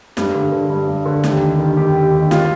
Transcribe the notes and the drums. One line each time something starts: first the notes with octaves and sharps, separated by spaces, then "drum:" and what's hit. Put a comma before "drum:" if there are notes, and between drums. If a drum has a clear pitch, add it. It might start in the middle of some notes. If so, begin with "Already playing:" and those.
G2, drum: snare
D3
D3
G2
G2
D3
D#2 G4, drum: snare
D#3
D#3
D#2 G4
D#2
D#3
F4, drum: snare